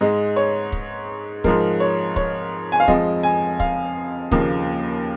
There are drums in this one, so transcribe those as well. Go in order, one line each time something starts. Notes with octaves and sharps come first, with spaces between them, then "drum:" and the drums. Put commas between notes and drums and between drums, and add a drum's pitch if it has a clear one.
G#2 G#3 D#5
C#5
drum: kick
G#2 F3 G#3 A#4, drum: kick
C#5
C#5, drum: kick
G#5
F5
F2 F3 G#3 D#5, drum: kick
G#5
F5, drum: kick
D#2 C#3 F3 A#3, drum: kick